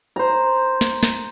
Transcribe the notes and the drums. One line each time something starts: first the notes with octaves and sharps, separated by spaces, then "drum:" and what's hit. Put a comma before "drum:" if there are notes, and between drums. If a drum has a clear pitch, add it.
C5 A#5
drum: snare
drum: snare